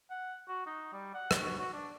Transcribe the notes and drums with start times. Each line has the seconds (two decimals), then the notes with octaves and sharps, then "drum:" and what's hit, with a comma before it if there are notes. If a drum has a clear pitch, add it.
0.10 F#5
0.48 F#4
0.67 D#4
0.93 G3
1.14 F#5
1.31 drum: rim click
1.42 F#4
1.58 F#4
1.74 D4